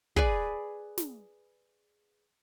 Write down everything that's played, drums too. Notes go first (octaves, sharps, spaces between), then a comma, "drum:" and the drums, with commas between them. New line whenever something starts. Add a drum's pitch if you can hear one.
G#4 B4 D5, drum: kick
drum: snare